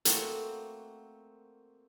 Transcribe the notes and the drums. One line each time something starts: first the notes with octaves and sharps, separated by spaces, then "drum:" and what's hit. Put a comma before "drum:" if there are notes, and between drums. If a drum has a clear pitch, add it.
A3 A#3 C4 F#4 F#5, drum: hi-hat